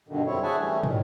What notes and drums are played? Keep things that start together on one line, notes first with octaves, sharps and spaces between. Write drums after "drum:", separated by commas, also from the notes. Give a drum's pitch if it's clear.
G2 B2 D3 D#3
F#2 G3 C4 E4 C#5
G#4 C#5 E5 F#5 G#5 A5
E3 G3 A3 C#4
A2 D#3, drum: tom